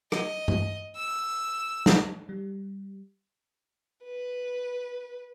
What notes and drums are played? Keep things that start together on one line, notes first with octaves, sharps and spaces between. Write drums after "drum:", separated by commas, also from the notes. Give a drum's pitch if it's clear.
D#5, drum: rim click
drum: tom G2
E6
drum: snare
G3
B4